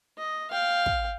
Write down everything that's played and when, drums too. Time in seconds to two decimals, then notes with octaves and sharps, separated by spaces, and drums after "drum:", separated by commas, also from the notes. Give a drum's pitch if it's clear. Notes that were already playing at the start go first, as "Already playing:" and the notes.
0.18 D#5
0.50 F5 G5
0.86 drum: kick